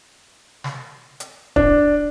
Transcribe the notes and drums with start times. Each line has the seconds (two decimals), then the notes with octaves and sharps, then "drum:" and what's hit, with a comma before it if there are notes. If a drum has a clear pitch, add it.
0.64 drum: snare
1.20 drum: hi-hat
1.56 D4, drum: kick